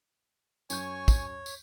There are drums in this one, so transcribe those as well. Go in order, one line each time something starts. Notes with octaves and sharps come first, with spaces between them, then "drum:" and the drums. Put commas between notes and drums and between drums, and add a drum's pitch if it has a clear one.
F#2 C#5 G#5 C#6 G6, drum: tambourine
drum: kick, tambourine
drum: tambourine